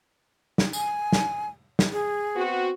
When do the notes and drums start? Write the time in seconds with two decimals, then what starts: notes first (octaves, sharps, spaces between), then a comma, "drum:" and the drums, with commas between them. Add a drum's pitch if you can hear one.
0.58 drum: snare
0.73 G#5, drum: tambourine
1.12 drum: snare
1.79 drum: snare
1.92 G#4
2.36 B3 C4 F#4